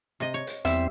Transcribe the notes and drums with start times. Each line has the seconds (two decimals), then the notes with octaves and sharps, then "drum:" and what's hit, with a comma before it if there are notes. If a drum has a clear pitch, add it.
0.20 C3 D#5
0.34 C#5
0.47 drum: hi-hat
0.65 E2 G3 C4 E5, drum: hi-hat